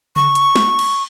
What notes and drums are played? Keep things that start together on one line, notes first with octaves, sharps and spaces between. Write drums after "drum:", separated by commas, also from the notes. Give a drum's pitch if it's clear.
C#6, drum: tom C#3
drum: hi-hat
drum: snare
drum: cymbal